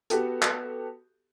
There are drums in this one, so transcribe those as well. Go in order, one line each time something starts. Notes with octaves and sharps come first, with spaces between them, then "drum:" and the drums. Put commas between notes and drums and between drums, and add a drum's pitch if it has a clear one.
B3 F#4 G4 A4, drum: hi-hat
drum: clap